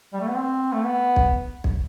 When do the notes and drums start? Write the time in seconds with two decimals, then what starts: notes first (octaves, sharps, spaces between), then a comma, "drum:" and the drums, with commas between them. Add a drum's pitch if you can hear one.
0.13 G3
0.20 A3
0.29 B3
0.37 C4
0.73 A3
0.85 B3
1.16 drum: kick B1
1.64 drum: kick B1